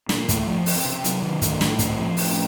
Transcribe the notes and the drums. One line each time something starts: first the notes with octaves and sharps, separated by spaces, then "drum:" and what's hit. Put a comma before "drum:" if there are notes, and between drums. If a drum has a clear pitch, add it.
A#2, drum: snare
A3, drum: kick, hi-hat
F3
C4, drum: open hi-hat
C3
F#3, drum: hi-hat
D#3
A3, drum: kick, hi-hat
A2, drum: snare
C4, drum: kick, hi-hat
F3
A2, drum: open hi-hat